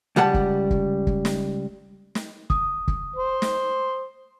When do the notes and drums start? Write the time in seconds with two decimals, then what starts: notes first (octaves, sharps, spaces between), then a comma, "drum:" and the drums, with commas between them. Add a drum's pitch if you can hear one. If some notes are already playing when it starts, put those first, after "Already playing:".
0.16 C#2 G3 F#5 A5
0.34 drum: kick
0.70 drum: kick
1.07 drum: kick
1.25 drum: snare
2.15 drum: snare
2.50 D#6, drum: kick
2.88 drum: kick
3.16 C5
3.42 drum: snare